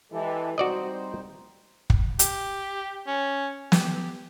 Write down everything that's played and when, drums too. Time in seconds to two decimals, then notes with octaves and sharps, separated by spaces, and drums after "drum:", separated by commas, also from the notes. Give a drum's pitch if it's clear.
0.12 E3 G#3 G4 A4
0.58 G3 C4 D#4 F#4 C5 D5 D#5
1.90 drum: kick
2.19 G4, drum: hi-hat
3.07 C#4
3.72 G4, drum: snare